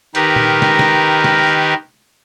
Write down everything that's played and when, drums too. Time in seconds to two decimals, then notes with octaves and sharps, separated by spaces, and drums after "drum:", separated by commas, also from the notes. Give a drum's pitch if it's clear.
0.15 D#3 G4 A#4 B4, drum: hi-hat
0.36 drum: tom A#2
0.62 drum: snare
0.79 drum: snare
1.24 drum: snare